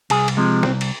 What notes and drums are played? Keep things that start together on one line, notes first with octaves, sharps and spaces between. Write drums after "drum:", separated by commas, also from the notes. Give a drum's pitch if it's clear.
C2 G#4, drum: cymbal
drum: cymbal
C3 F3 G#3
C2 C4, drum: snare
drum: cymbal